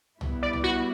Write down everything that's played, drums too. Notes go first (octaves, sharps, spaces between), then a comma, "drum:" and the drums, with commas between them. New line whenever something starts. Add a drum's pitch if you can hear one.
G3 B3 E4, drum: tom C2
D5
drum: tom C2
F#4